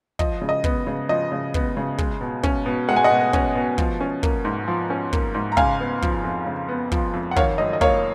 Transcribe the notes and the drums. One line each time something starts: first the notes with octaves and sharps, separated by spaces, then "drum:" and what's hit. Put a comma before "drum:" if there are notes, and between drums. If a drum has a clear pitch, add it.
F3 D#5, drum: kick
C#3
D#5
B3, drum: kick
C#3
F3 D#5
C#3
B3, drum: kick
C#3
G#3, drum: kick
B2
C#4, drum: kick
B2
G#3 F#5
G#5
D#5 F#5
B2
C#4, drum: kick
B2
F3, drum: kick
C#4
A#3, drum: kick
G#2
F3
C#4
A#3, drum: kick
G#2
A#5
C#3 F5 G#5, drum: kick
B3
F3, drum: kick
F2
C#3
B3
F3, drum: kick
F2
F#5
D#3 C#5 F5, drum: kick
F#2 D#5
D#5
A#3 C#5 F5, drum: kick